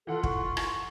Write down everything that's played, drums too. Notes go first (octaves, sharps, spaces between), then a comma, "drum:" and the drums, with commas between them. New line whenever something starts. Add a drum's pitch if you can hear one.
E3 F4 A4 F#5
C#6, drum: kick
drum: rim click